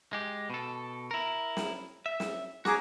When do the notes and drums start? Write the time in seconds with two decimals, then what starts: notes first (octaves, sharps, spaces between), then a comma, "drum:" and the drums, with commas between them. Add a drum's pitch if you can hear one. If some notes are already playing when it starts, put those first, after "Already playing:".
0.13 G#3 G4
0.50 B2 A4
1.11 E4 A#4
1.57 drum: snare
2.06 E5
2.20 drum: snare
2.65 F#4 G#4 A#5 D6, drum: snare